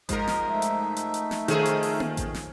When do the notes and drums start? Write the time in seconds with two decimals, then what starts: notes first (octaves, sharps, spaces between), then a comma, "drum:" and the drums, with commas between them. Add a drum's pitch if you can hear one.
0.09 G#2 F3 A#4 D#5, drum: kick A1, hi-hat
0.27 drum: snare
0.49 A3 D#4 E5
0.62 drum: hi-hat
0.96 drum: hi-hat
1.14 drum: hi-hat
1.31 drum: snare
1.48 D#3 F3 C#4 G#4 A4, drum: hi-hat
1.65 drum: hi-hat
1.83 drum: open hi-hat
2.00 drum: tom A#3
2.17 drum: kick A1, hi-hat
2.34 drum: snare